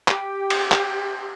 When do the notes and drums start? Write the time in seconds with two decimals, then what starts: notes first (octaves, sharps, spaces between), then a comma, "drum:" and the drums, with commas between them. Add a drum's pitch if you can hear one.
0.08 G4, drum: clap
0.50 drum: cymbal
0.72 drum: clap